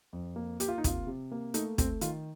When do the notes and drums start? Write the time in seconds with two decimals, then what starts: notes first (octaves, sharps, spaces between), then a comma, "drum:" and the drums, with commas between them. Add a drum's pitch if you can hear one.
0.13 F2
0.36 A#3
0.60 A#3 G4, drum: hi-hat
0.68 F4
0.78 D#4
0.84 C3 F4, drum: kick, hi-hat
1.07 C3
1.32 A#3
1.54 A3 D#4, drum: hi-hat
1.78 A3 C4, drum: kick, hi-hat
2.01 D#3 F4, drum: hi-hat